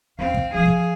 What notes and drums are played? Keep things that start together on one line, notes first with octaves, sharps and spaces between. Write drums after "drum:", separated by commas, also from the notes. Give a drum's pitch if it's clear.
D#2 C4 F5
drum: kick
F3 F4 G#4 F5
drum: kick